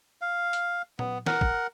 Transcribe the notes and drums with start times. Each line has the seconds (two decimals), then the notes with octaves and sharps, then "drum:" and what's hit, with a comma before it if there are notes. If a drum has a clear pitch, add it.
0.21 F5
0.53 drum: hi-hat
0.99 B3, drum: tom A#2
1.26 A#4 F#5, drum: snare
1.41 drum: kick